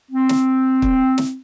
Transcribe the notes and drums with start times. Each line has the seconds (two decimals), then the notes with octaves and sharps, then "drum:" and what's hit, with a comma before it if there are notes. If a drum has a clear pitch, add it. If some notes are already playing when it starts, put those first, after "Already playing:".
0.12 C4
0.29 drum: snare
0.82 drum: kick
1.18 drum: snare